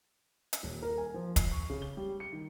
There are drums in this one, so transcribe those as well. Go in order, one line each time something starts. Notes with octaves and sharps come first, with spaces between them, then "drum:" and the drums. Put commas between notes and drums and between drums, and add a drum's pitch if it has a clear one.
drum: hi-hat
D#1
A#4
G#5
F3
C7, drum: kick, hi-hat
C#6
C#3
G7
G3
C#7
D#3